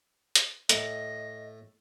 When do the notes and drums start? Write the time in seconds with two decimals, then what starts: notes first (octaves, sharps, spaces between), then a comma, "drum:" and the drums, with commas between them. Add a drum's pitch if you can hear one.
0.35 drum: hi-hat
0.69 A2 D#5, drum: hi-hat